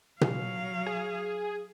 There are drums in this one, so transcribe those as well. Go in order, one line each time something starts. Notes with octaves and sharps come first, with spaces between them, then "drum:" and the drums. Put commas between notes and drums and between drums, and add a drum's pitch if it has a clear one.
F#3 F5, drum: tom B2
G#4